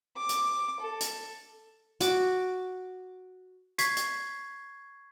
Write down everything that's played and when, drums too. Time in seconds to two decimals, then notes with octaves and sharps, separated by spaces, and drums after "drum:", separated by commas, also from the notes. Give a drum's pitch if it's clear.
0.17 D6
0.29 drum: hi-hat
0.80 A4
1.01 drum: hi-hat
2.00 F#4 D6, drum: hi-hat
3.78 C#6 G#6 B6 C7, drum: hi-hat
3.97 drum: hi-hat